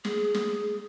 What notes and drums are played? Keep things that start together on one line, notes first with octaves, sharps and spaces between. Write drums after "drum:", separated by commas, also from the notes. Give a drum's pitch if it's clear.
G#4, drum: snare
drum: snare